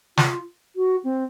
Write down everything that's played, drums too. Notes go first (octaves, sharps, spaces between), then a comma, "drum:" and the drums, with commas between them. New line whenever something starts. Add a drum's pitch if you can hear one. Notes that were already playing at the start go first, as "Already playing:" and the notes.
F4, drum: snare
F#4
C4